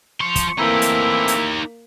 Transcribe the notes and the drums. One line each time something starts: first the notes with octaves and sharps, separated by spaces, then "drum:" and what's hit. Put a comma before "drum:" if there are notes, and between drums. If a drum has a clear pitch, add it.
F3 C6 C#6
drum: kick, hi-hat
E3 A3 A#3 C4 D#4 E4 G4
drum: hi-hat
drum: hi-hat